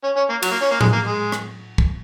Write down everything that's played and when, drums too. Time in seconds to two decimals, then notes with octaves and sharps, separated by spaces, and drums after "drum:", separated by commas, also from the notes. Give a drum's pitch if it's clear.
0.04 C#4
0.17 C#4
0.30 A#3
0.42 F#3, drum: cymbal
0.51 A#3
0.61 C#4
0.71 A#3
0.81 G#3, drum: tom A2
0.93 A#3
1.06 G#3
1.32 drum: rim click
1.78 drum: kick